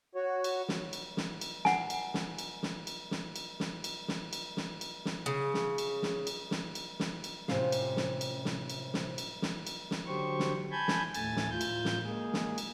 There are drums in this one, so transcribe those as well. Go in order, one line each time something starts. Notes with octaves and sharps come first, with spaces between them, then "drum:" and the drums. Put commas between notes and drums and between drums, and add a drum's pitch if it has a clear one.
F#4 C#5
drum: cymbal
drum: snare
drum: cymbal
drum: snare
drum: cymbal
F#5 G#5, drum: snare
drum: cymbal
drum: snare
drum: cymbal
drum: snare
drum: cymbal
drum: snare
drum: cymbal
drum: snare
drum: cymbal
drum: snare
drum: cymbal
drum: snare
drum: cymbal
drum: snare
C#3
drum: snare
drum: cymbal
drum: snare
drum: cymbal
drum: snare
drum: cymbal
drum: snare
drum: cymbal
A2 C3 A#3 C#4 F4 F5, drum: snare
drum: cymbal
drum: snare
drum: cymbal
drum: snare
drum: cymbal
drum: snare
drum: cymbal
drum: snare
drum: cymbal
drum: snare
D3 F#3 G4 C5 C#6
drum: snare
G#5 A5 B5 G6 G#6
drum: snare
D#2 A2 A3 G#5 A6, drum: cymbal
drum: snare
A2 F4 G6
drum: cymbal
drum: snare
G#3 A#3 G#4
drum: snare
drum: cymbal